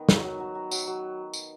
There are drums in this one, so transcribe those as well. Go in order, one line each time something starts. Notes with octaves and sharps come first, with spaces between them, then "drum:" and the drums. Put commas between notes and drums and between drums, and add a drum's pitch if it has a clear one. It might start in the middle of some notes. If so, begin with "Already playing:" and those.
Already playing: D#3 B3 D#4
F#3, drum: snare
F#3
F#3
F#3
F#3, drum: tambourine
F#3
drum: tambourine